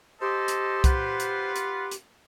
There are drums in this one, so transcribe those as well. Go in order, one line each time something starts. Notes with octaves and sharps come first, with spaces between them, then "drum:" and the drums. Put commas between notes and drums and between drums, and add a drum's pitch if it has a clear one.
G4 A4 C5 D#5
drum: hi-hat
F4 B4 F#5, drum: kick C2, hi-hat
drum: hi-hat
drum: hi-hat
drum: hi-hat